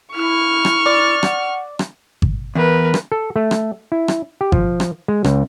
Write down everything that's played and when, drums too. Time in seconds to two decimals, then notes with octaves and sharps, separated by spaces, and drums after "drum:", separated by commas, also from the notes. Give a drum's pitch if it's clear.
0.15 E4 C#6 F6
0.65 drum: rim click
0.86 D5
1.23 F#5, drum: rim click
1.79 drum: rim click
2.22 drum: kick G#1
2.55 E2 A#4 B4
2.94 drum: rim click
3.12 A4
3.36 A3
3.51 drum: rim click
3.92 E4
4.08 drum: rim click
4.41 G4
4.52 F3, drum: kick G#1
4.80 drum: rim click
5.08 G#3
5.24 C#2, drum: rim click